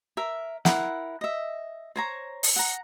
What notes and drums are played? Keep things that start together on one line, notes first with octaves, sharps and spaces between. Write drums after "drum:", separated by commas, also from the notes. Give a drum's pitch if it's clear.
A#4 E5
E4 A#4 F#5 C6, drum: snare
D#5 E5
C5 C#5 A#5
drum: open hi-hat
F#5 A#5